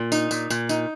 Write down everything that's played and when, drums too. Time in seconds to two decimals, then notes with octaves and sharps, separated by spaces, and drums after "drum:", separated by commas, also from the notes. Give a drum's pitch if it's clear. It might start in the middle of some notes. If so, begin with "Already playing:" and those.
Already playing: A#2
0.12 D#4, drum: tambourine
0.31 A#2, drum: tambourine
0.50 A#2, drum: tambourine
0.69 D#4, drum: tambourine